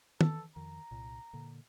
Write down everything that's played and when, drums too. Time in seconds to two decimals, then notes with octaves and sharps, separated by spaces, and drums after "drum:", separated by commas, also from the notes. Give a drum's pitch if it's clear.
0.21 E3 A4, drum: tom
0.56 F2 D#3 A#5
0.91 C2 A#2
1.33 A#2 D3